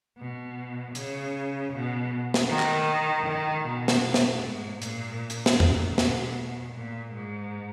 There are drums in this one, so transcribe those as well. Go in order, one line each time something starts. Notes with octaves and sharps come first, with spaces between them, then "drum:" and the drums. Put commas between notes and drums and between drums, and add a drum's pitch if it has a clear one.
B2
C#3, drum: hi-hat
B2
drum: snare
D#3
drum: clap
D#3
B2
drum: snare
drum: snare
G#2
A#2, drum: hi-hat
drum: hi-hat
drum: snare
A#2, drum: tom E2
B2, drum: snare
A#2
G#2